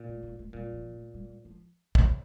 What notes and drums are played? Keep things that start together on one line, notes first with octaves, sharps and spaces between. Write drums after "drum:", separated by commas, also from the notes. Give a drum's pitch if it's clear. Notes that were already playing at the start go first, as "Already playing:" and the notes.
Already playing: A#2
A3
A#3
A3
A#2 G3
F3
A3
G3
F3
F2, drum: kick